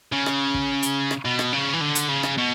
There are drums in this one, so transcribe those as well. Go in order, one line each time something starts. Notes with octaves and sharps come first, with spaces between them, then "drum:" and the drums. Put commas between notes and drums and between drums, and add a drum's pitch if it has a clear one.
C#3
drum: rim click
drum: kick
drum: hi-hat
drum: rim click
B2
drum: rim click
C#3
E3
D3
drum: hi-hat
C#3
drum: rim click
B2